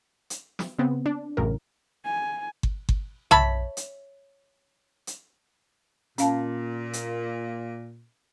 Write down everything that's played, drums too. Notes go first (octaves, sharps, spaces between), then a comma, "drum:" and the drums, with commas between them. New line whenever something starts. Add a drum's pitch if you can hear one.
drum: hi-hat
drum: snare
C#3 B3 C4
D4
A1 F#2 A2 C#3 A#4
G#5
drum: kick G1
drum: kick G1
C#5 E5 A5 B5, drum: tom B1
drum: hi-hat
drum: hi-hat
A#2 C#4 F5 A5, drum: hi-hat
drum: hi-hat